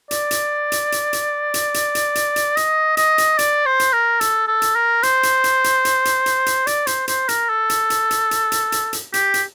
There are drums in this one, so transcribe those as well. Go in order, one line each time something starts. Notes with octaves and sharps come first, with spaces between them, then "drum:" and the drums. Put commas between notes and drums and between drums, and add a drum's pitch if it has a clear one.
D5, drum: hi-hat
drum: hi-hat
drum: hi-hat
drum: hi-hat
drum: hi-hat
drum: hi-hat
drum: hi-hat
drum: hi-hat
drum: hi-hat
drum: hi-hat
D#5, drum: hi-hat
D#5, drum: hi-hat
drum: hi-hat
D5, drum: hi-hat
C5
drum: hi-hat
A#4
A4, drum: hi-hat
A4
drum: hi-hat
A#4
C5, drum: hi-hat
drum: hi-hat
drum: hi-hat
drum: hi-hat
drum: hi-hat
drum: hi-hat
drum: hi-hat
drum: hi-hat
D5, drum: hi-hat
C5, drum: hi-hat
C5, drum: hi-hat
A#4, drum: hi-hat
A4
drum: hi-hat
drum: hi-hat
drum: hi-hat
drum: hi-hat
drum: hi-hat
drum: hi-hat
drum: hi-hat
G4, drum: hi-hat
drum: hi-hat